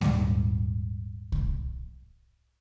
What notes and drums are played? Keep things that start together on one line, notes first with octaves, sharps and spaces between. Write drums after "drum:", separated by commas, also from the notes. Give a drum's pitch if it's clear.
D#1 G#2 G3, drum: snare G#3
drum: kick C2